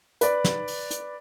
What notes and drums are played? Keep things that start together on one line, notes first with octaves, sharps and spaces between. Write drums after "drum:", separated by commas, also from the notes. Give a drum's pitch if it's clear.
B4 D5, drum: hi-hat
drum: snare
drum: open hi-hat
drum: hi-hat